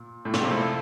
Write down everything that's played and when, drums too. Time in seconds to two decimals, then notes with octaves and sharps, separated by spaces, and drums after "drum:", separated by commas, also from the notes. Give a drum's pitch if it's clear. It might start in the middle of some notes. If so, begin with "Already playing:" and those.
Already playing: A#2
0.25 A2
0.34 A#2, drum: snare
0.42 C3 F3 A3 C4 E4 A4